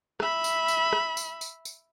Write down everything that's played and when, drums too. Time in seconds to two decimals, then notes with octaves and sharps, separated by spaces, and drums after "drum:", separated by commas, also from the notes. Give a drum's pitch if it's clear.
0.20 E5 B5, drum: rim click
0.44 drum: tambourine
0.68 drum: tambourine
0.93 drum: rim click
1.17 drum: tambourine
1.41 drum: tambourine
1.65 drum: tambourine